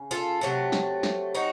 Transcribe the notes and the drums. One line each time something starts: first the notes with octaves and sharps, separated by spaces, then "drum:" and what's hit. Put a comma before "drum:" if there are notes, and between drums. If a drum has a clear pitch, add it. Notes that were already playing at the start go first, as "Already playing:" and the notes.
Already playing: C#3
F4 A4
C3 F#3 A3
drum: snare
drum: snare
D#4 F#4